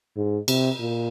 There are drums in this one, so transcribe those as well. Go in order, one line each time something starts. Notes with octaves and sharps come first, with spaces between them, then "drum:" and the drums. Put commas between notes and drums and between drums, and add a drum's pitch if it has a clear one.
G#2
C3, drum: cymbal
A#2